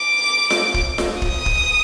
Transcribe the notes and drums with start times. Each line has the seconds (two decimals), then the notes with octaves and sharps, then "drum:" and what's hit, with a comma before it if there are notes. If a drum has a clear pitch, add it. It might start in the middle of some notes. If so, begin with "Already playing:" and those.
Already playing: D6
0.50 drum: snare F4
0.74 drum: kick
0.98 drum: snare F4
1.22 D#6, drum: kick
1.46 drum: kick